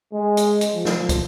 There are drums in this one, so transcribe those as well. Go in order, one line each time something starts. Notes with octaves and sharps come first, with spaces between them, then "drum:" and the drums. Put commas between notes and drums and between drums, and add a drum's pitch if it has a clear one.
G#3
drum: hi-hat
drum: hi-hat
F3
drum: snare
drum: kick, hi-hat